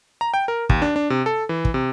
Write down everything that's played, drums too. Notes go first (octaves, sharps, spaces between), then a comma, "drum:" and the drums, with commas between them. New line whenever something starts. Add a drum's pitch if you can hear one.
A#5
G5
A#4
D#2, drum: kick
D4
D4
C3
A4
E3
drum: kick
C3